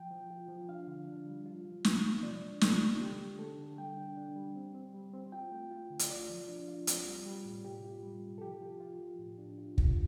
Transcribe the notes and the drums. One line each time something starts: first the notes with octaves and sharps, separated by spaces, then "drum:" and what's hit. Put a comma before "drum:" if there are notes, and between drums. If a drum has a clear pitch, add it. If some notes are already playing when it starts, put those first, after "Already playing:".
Already playing: F3 G5
F3
F4
F3
D4 F5
D3
D4
G3
F4
F3
F4, drum: snare
F3
C3 D5
D4
C3 A4, drum: snare
C3
D3 G4
D4
D3 A4
D3
G3 G5
D4
D4
G3
C4
C4
G3
C4
F4 G5
A3
F4
D3
drum: hi-hat
F4 D5
F3
D4
F4
C4, drum: hi-hat
G3
G3
A2
C3 G4
F4
G3
C3
A4
F3 G4
F4
F4
F3
A2
D4
F4
F4, drum: kick